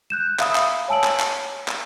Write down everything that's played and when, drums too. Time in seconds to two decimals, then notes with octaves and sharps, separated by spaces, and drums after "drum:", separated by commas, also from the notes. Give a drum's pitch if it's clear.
0.10 F#6 G6 E7
0.39 E5 F5 B5 D#6 E6, drum: clap
0.55 drum: clap
0.88 C#5 G#5 A5 E6 D7 F#7
1.04 drum: clap
1.20 drum: clap
1.68 drum: clap